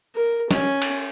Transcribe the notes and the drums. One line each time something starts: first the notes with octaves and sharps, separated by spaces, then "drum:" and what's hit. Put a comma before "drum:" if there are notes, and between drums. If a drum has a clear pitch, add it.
A#4
C#4, drum: snare
drum: cymbal